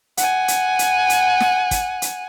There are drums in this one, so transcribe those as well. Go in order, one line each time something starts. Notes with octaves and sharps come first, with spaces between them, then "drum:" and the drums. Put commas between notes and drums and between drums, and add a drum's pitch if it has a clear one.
F#5 G#5, drum: hi-hat
drum: hi-hat
drum: hi-hat
drum: hi-hat
drum: snare
drum: kick, hi-hat
drum: hi-hat